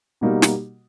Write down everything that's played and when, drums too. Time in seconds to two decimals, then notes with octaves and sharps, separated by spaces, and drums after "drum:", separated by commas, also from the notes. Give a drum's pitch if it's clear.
0.21 B2 G3 A#3 D#4 F#4
0.42 drum: snare